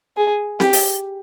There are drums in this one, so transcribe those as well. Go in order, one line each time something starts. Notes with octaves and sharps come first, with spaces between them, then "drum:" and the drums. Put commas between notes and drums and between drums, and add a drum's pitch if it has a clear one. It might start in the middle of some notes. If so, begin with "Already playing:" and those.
G#4
G4, drum: snare C4
drum: open hi-hat